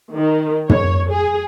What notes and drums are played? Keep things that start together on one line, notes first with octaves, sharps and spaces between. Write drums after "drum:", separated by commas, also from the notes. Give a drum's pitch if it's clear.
D#3
C#5, drum: tom
G#4